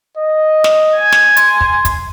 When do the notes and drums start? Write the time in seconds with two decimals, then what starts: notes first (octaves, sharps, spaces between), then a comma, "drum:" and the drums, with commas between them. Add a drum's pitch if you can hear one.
0.17 D#5
0.64 drum: snare
0.95 G#5
1.12 drum: snare
1.37 C6, drum: hi-hat
1.61 drum: kick
1.85 drum: kick, hi-hat